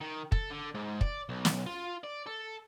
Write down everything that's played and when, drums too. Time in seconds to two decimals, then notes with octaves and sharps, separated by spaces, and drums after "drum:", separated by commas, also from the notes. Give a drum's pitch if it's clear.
0.01 D#3
0.32 A4, drum: kick
0.51 D3
0.75 G#2
1.01 D5, drum: kick
1.29 B1
1.45 drum: snare
1.66 F4
2.04 D5
2.26 A4